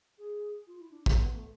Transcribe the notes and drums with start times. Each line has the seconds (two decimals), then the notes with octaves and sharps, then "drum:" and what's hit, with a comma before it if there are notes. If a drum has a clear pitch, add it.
0.18 G#4
0.67 F4
0.80 E4
0.91 D4
1.06 drum: kick
1.16 B3
1.33 A3